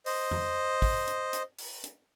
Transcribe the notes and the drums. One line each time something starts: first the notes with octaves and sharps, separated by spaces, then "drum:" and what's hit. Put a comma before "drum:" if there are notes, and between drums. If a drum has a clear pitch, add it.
C5 D#5, drum: open hi-hat
drum: tom F2
drum: kick, open hi-hat
drum: hi-hat
drum: hi-hat
drum: open hi-hat
drum: hi-hat